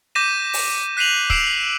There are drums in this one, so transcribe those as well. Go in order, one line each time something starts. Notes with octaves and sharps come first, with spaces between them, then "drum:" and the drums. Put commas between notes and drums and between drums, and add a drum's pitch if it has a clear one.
D6 G6 A#6 B6 D#7 E7
drum: open hi-hat
F#6 B6 C7 D#7 F7 F#7
E6 C7 D7 E7, drum: kick